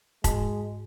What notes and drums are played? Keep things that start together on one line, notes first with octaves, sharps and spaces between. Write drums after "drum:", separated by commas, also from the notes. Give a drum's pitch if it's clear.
G#2 G#3, drum: kick F1, hi-hat